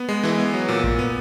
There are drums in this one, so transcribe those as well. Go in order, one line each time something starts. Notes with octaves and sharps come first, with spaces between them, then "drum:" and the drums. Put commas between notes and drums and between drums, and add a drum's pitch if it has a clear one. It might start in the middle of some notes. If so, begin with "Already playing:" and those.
Already playing: B3
G#3
E3, drum: snare
B3
F#3
A#2
A#2, drum: kick
B3